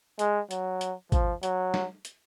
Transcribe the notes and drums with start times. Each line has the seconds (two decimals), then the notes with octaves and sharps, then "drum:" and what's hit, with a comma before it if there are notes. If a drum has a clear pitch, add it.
0.19 G#3, drum: hi-hat
0.51 F#3, drum: hi-hat
0.81 drum: hi-hat
1.12 F3, drum: kick G#1, hi-hat
1.43 F#3, drum: hi-hat
1.74 drum: snare
2.05 drum: hi-hat